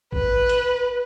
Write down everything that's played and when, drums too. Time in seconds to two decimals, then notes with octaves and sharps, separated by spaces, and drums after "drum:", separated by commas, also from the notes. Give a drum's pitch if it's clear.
0.12 B4, drum: kick A1
0.49 drum: hi-hat